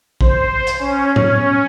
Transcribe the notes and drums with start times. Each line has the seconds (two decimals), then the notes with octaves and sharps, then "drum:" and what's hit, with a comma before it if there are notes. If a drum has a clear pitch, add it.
0.21 C5, drum: kick A#1
0.67 drum: hi-hat
0.79 C#4
1.16 C#4, drum: tom A2